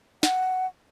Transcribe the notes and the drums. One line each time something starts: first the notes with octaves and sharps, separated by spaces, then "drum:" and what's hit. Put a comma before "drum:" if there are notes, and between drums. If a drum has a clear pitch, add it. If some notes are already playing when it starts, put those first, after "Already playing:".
F#5, drum: snare